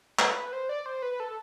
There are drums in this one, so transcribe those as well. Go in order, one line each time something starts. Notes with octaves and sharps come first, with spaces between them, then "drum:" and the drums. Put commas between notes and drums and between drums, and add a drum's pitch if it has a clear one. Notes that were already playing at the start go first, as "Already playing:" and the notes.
B4, drum: clap
B4
C5
D5
C5
B4
A4